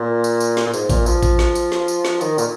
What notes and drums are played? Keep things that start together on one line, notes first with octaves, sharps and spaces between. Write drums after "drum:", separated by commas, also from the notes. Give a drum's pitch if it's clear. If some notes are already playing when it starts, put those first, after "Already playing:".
Already playing: A#2
drum: tambourine
drum: tambourine
drum: snare
A#2
G#2, drum: tambourine
A#2, drum: kick A1, tambourine
F3, drum: tambourine
drum: kick A1, tambourine
drum: snare
drum: tambourine
drum: snare
drum: tambourine
drum: snare
D#3, drum: tambourine
A#2, drum: tambourine